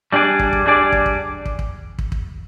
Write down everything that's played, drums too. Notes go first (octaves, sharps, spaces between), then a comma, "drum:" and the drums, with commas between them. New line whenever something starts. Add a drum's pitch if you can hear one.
G3 D4 G#4 D5
drum: kick
drum: kick
G3 D4 G#4 D5
drum: kick
drum: kick
drum: kick
drum: kick
drum: kick
drum: kick